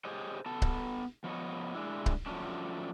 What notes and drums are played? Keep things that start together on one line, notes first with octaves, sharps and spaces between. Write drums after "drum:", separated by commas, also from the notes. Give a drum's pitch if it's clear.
G4 G#4 C5 C#5 D#5
B3 A4 A5
drum: kick C#1
F3 B3 C#5 D#5
G#3 D4 E4
drum: kick C#1
F3 F#3 A3 C#4 D4